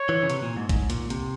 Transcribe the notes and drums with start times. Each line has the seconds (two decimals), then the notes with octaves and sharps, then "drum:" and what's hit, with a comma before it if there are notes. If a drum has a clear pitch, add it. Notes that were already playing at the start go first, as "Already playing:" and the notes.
Already playing: C#5
0.09 E3
0.23 C#3
0.30 C3, drum: hi-hat
0.42 A#2
0.57 G#2
0.69 G#2, drum: kick, hi-hat
0.90 A#2, drum: hi-hat
1.10 C3, drum: hi-hat